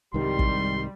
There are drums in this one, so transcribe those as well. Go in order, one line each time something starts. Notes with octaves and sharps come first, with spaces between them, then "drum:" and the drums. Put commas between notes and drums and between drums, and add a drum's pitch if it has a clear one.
C2 G#2 D#3 G3 C6
drum: kick